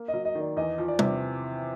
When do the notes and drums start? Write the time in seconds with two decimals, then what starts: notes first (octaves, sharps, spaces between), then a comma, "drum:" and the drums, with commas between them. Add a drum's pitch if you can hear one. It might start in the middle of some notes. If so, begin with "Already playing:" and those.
Already playing: A#3
0.08 D#5
0.14 F#3
0.25 D#5
0.35 D#3
0.41 D5
0.57 E2 D#5
0.78 F3
0.88 D5
0.99 C3, drum: tom G3